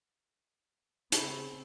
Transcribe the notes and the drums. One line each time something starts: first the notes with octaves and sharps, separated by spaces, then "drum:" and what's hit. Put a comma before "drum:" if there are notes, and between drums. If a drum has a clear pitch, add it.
C#3 C4 G#4 G#5 B5, drum: hi-hat